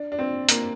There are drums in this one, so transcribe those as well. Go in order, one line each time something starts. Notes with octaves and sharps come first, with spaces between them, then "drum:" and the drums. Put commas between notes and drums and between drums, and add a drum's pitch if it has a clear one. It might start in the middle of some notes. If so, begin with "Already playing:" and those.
Already playing: D4
D4
C4
A#3, drum: hi-hat